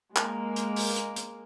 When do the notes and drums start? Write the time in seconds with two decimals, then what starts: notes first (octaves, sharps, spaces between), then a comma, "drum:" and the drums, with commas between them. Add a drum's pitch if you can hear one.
0.16 G#3 A#3, drum: clap
0.56 drum: hi-hat
0.76 drum: open hi-hat
0.96 drum: hi-hat
1.16 drum: hi-hat